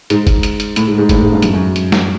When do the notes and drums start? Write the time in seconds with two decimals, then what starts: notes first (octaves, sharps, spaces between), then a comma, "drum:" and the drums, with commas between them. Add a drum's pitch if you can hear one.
0.10 G#2, drum: hi-hat
0.27 drum: kick, hi-hat
0.43 drum: hi-hat
0.60 drum: hi-hat
0.76 A2, drum: hi-hat
0.88 G#2
0.98 G#2
1.09 A2, drum: kick, hi-hat
1.21 G#2
1.32 G2
1.42 F#2, drum: hi-hat
1.53 F#2
1.76 drum: hi-hat
1.92 drum: snare